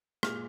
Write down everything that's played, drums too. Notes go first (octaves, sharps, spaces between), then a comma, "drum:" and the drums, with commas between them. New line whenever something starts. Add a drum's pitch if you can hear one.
A#2 G#3 F6, drum: rim click